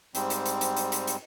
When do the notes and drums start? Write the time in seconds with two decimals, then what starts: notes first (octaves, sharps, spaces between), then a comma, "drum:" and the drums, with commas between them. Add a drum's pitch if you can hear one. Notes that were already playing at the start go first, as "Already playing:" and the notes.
0.15 G#2 G3 C4, drum: hi-hat
0.30 drum: hi-hat
0.46 drum: hi-hat
0.61 drum: hi-hat
0.77 drum: hi-hat
0.92 drum: hi-hat
1.07 drum: hi-hat